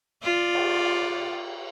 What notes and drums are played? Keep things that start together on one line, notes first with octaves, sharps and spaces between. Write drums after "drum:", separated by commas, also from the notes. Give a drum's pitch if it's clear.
F4 D5
drum: cymbal